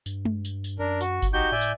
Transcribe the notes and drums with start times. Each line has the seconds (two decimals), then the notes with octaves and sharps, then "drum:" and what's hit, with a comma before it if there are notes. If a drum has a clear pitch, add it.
0.06 G2, drum: tambourine
0.25 drum: tom G#3
0.45 drum: tambourine
0.64 drum: tambourine
0.79 F#2 D4 A#4
1.01 F#4, drum: tambourine
1.22 drum: kick G1, tambourine
1.33 A#1 D#4 F#4 G4 G6
1.52 A2 D5 E5 G#5
1.61 drum: tambourine